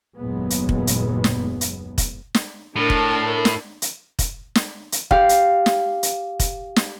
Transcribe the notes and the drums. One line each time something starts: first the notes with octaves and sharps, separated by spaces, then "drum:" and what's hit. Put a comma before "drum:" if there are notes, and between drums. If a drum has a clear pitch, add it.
F#1 D#2 A#2 F#3 G#3 B3
drum: hi-hat
drum: kick
drum: hi-hat
drum: snare
drum: hi-hat
drum: kick, hi-hat
drum: snare
A2 D4 A#4 A5
drum: kick
drum: snare
drum: hi-hat
drum: kick, hi-hat
drum: snare
drum: hi-hat
G4 F5, drum: kick
drum: hi-hat
drum: snare
drum: hi-hat
drum: kick, hi-hat
drum: snare